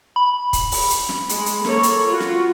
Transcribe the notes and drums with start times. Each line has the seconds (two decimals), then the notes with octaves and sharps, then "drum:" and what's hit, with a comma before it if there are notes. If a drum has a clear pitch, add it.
0.16 B5
0.53 drum: kick, hi-hat
0.72 drum: open hi-hat
0.90 drum: hi-hat
1.09 drum: snare
1.29 G#3, drum: hi-hat
1.46 drum: hi-hat
1.65 A#3 A4 C#5, drum: snare
1.83 drum: hi-hat
2.08 F4 F#4
2.20 drum: snare